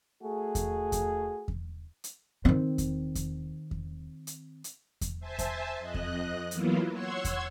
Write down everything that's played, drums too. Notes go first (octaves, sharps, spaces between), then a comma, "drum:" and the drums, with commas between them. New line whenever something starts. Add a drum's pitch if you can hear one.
A3 F#4 G#4
drum: kick E2, hi-hat
drum: kick E2, hi-hat
drum: kick E2
drum: hi-hat
D#3 C4
drum: kick E2, hi-hat
drum: kick E2, hi-hat
drum: kick E2
drum: hi-hat
drum: hi-hat
drum: kick E2, hi-hat
C5 E5 G#5 A5
drum: kick E2, hi-hat
F2 D#5 F#6
drum: kick E2
E3 F#3 A#3 B3 E4 F4, drum: hi-hat
C#5 F#5 C6 C#6 E6 G#6
drum: kick E2, hi-hat